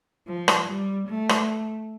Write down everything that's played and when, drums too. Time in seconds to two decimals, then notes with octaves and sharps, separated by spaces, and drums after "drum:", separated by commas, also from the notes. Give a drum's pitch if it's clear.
0.28 F3
0.48 drum: rim click
0.68 G3
1.08 A3
1.29 drum: rim click